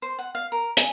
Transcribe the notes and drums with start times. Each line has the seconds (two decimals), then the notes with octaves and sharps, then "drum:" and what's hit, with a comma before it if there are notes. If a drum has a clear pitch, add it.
0.02 C5
0.19 F#5
0.35 F5
0.52 A#4
0.77 G#5, drum: hi-hat